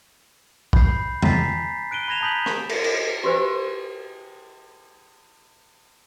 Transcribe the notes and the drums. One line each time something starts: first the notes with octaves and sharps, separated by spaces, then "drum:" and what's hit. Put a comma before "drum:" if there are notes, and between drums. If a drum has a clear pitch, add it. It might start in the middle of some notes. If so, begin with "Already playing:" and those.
B5 G6 C7, drum: kick A#1
G#5 A#5 B5 A6 B6 C7, drum: tom
F#6 D7 D#7 G7
B5 G#6 A#6 E7 F7
A5 A#5 D#6 G6 B6 F#7
drum: rim click
drum: cymbal
drum: cymbal
F#4 G4 B4 C5 G#5